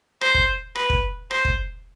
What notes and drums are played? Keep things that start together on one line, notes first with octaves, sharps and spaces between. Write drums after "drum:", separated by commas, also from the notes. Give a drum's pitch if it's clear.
C5, drum: rim click
drum: kick
B4, drum: rim click
drum: kick
C5, drum: rim click
drum: kick